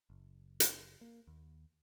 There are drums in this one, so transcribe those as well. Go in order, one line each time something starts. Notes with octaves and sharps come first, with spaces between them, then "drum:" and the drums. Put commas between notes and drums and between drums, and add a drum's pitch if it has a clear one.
F#1
drum: hi-hat
A#3
D#2